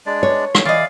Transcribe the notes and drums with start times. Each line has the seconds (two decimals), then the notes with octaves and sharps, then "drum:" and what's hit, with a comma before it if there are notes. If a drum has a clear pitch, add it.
0.06 G#3 D4 D5
0.23 C#5
0.55 drum: rim click
0.65 E3 D5 D#5 F5